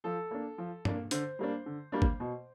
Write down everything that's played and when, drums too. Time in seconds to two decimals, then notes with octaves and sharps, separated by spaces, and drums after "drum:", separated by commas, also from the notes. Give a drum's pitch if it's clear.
0.04 F3 A4
0.31 A#3 D4
0.58 F3
0.85 A#3 D4, drum: tom G2
1.11 D3 C5, drum: hi-hat
1.39 G3 A#3 D4
1.66 D3
1.92 G3 A#3 D4
2.02 drum: kick G#1
2.20 B2